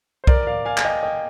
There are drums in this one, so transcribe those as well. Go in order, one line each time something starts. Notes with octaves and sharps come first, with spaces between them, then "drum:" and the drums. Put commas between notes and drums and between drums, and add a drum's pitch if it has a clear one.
C5
A#4 D5, drum: kick B1
D5 F5
F5 G#5
G#5, drum: clap
D#5 G5
D#5 G5